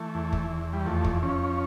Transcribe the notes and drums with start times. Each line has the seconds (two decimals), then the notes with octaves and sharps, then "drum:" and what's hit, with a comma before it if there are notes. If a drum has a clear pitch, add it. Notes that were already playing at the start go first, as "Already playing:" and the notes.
Already playing: E3 A3
0.15 E2
0.33 drum: kick
0.50 E2
0.73 G3
0.86 F2 A3
1.05 drum: kick
1.22 F2 C#4